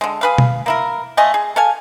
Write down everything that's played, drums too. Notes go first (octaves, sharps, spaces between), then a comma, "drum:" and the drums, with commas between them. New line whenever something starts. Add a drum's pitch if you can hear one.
D3 G#3
G#4 B4 F5
drum: tom B2
A#3 E4 A#4
A3 F4 D#5 G#5
G#4
A4 F5 G#5